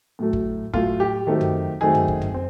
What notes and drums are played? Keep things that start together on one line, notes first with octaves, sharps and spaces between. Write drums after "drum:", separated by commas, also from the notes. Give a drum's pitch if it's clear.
A2 F#3 A3
drum: kick F#1
A2 F#3 A3 F4, drum: kick F#1
G4
D#3 F#3 A3 C4
drum: tom
D#3 F#3 A3 C4 G#4
drum: tom
drum: kick F#1
drum: tom
C4